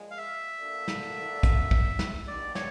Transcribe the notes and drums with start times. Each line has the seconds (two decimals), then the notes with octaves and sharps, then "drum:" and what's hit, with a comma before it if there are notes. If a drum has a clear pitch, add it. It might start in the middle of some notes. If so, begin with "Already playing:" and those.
Already playing: A#2 F3 G#3
0.11 F5
0.17 E5
0.59 A#3 D4 F#4 A4 D5
0.88 drum: snare
1.43 drum: kick, hi-hat
1.71 drum: kick
1.99 drum: snare
2.27 B2 G3 A#3 D4 G4 D5
2.55 C#5, drum: snare